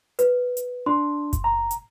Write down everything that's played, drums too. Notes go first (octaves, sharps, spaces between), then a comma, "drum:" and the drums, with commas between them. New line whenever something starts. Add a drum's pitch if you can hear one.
B4, drum: hi-hat
drum: hi-hat
D4 C6
drum: kick F#1, hi-hat
A#5
drum: hi-hat